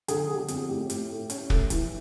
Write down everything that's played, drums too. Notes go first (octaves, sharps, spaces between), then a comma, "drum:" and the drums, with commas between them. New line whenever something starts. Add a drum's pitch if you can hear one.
D3 G#4, drum: hi-hat
D3
G4
G#4
F2, drum: hi-hat
A2 G4
A2, drum: hi-hat
A3
C#4, drum: hi-hat
A3, drum: kick
E3, drum: hi-hat